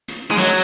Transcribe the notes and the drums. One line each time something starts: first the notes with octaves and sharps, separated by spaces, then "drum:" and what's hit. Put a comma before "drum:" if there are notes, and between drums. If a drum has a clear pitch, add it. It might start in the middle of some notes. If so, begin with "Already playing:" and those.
drum: hi-hat
G#3
F#3, drum: hi-hat